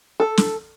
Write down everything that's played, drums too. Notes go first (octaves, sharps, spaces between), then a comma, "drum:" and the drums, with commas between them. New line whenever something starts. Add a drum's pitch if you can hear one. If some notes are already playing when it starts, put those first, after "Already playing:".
A4
drum: snare